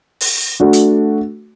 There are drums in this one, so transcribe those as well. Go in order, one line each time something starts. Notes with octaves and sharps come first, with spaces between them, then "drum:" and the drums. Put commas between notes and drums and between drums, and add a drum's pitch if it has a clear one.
drum: open hi-hat
A3 D4 F#4
drum: hi-hat